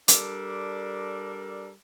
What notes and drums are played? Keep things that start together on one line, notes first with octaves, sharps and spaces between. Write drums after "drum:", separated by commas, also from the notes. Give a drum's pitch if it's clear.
G3 D4 A4 A#4 D5, drum: hi-hat